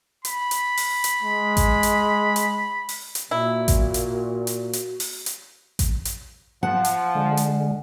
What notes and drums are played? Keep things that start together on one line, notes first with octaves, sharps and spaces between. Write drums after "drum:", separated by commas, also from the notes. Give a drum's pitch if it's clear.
B5, drum: hi-hat
drum: hi-hat
drum: open hi-hat
drum: hi-hat
G#3
drum: kick A1, hi-hat
drum: hi-hat
drum: hi-hat
drum: open hi-hat
drum: hi-hat
A#2 E4 F#4
drum: kick A1, hi-hat
drum: hi-hat
drum: hi-hat
drum: hi-hat
drum: open hi-hat
drum: hi-hat
drum: kick A1, hi-hat
drum: hi-hat
F3 F#5 A5
drum: hi-hat
D3 G#3
drum: hi-hat